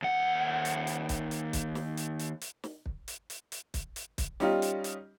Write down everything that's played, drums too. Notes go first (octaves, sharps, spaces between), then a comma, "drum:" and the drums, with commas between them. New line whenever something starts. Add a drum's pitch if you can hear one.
D#2 F#5
drum: hi-hat
drum: hi-hat
drum: kick, hi-hat
drum: hi-hat
drum: kick, hi-hat
drum: snare
drum: hi-hat
drum: hi-hat
drum: hi-hat
drum: snare
drum: kick
drum: hi-hat
drum: hi-hat
drum: hi-hat
drum: kick, hi-hat
drum: hi-hat
drum: kick, hi-hat
G3 C#4 D#4 F4 G4, drum: snare
drum: hi-hat
drum: hi-hat